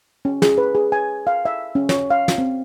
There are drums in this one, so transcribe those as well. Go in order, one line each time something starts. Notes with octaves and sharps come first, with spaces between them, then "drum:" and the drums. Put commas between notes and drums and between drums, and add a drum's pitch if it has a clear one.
C#4
G#4, drum: snare
B4
G#4
G#5
F5
E5
C#4
C#5, drum: snare
F5
drum: snare
C4